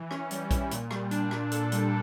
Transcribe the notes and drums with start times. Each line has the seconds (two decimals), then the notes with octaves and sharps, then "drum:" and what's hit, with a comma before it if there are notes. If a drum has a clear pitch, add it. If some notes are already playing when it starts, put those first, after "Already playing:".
Already playing: E3
0.11 C#4, drum: rim click
0.31 G3, drum: hi-hat
0.51 E4, drum: kick A#1, hi-hat
0.71 A#2, drum: hi-hat
0.91 G3, drum: rim click
1.11 D4, drum: hi-hat
1.31 A#2, drum: rim click
1.52 A4, drum: hi-hat
1.72 G3, drum: hi-hat